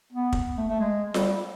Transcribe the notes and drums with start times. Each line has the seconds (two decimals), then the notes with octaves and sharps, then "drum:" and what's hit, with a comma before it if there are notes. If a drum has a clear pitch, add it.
0.13 B3
0.33 drum: kick
0.58 A3
0.69 A3
0.80 G#3
1.14 G3, drum: snare F4